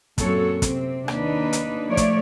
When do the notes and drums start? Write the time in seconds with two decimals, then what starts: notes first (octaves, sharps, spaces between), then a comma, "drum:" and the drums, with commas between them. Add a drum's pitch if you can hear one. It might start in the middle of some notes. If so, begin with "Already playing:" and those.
0.18 F#2 A#2 C4 F#4 A4 C#5, drum: kick, hi-hat
0.62 C3 C4, drum: kick, hi-hat
1.08 D#2 D4 D#4 B4, drum: rim click
1.53 drum: hi-hat
1.87 F3 A3 C#5 D5
1.97 drum: kick, hi-hat